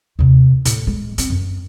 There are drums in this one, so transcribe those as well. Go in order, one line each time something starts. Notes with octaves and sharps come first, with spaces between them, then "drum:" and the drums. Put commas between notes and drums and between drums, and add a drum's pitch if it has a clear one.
D#2 C3
A2, drum: hi-hat
G#3
C4, drum: hi-hat
F#2